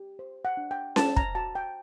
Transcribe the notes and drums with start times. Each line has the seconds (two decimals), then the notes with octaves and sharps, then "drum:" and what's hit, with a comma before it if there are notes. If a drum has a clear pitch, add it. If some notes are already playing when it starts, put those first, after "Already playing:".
Already playing: G4
0.19 C5
0.45 F#5
0.57 D4
0.71 G5
0.96 C5 A5, drum: snare C#4
1.17 A#5, drum: kick
1.35 F#4 A5
1.55 G5